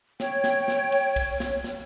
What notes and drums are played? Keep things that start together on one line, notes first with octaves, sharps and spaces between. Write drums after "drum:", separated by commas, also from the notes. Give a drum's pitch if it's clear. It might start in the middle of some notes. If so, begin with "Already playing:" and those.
C#5 G5, drum: snare
drum: snare
drum: snare
drum: cymbal
drum: kick, cymbal
drum: snare
drum: snare